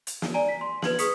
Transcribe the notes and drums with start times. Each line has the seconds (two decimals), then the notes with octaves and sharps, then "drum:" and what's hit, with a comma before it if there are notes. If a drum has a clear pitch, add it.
0.07 drum: hi-hat
0.22 drum: snare
0.34 D5 G#5 A#5
0.49 B6
0.61 C6
0.82 B4 G#6 F#7, drum: snare
0.99 G#4 B4 C#6 D#6 B6 C#7, drum: hi-hat